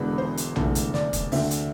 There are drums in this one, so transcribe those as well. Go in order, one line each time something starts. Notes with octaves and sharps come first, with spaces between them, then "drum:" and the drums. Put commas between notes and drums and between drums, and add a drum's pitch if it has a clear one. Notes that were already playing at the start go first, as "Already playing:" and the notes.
Already playing: E1 E2 D3 G#3 C4 B4
C5
drum: hi-hat
F1 E2 D3 F3 A3, drum: tom A#1
drum: hi-hat
D5, drum: snare
drum: kick, hi-hat
D2 D3 A3 C4 E5, drum: open hi-hat
drum: hi-hat